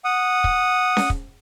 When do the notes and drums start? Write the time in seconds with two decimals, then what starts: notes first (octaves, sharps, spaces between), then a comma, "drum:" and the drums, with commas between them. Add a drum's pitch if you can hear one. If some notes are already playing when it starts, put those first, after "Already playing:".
0.05 F#5 D#6
0.44 drum: kick
0.97 drum: snare C#4
1.10 drum: kick